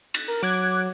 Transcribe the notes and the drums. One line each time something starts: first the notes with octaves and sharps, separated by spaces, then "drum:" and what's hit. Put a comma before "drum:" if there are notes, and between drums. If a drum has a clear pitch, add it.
drum: cymbal
A#4
F#3 D6 F#6 G#6